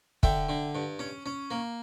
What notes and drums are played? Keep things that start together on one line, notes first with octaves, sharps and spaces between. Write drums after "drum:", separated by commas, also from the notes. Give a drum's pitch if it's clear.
D3 E5 G5, drum: kick
D3
G2
C#4
C#4
A#3